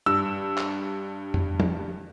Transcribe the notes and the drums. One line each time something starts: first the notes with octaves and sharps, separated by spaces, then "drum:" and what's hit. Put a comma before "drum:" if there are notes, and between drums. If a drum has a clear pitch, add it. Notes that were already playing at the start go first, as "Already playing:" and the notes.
G2 E6
drum: clap
drum: tom F2
drum: tom